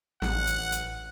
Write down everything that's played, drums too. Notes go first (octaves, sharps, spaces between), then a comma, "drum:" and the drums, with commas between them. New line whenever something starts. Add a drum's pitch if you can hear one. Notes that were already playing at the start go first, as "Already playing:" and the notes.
A1 F#5, drum: snare
drum: hi-hat
drum: hi-hat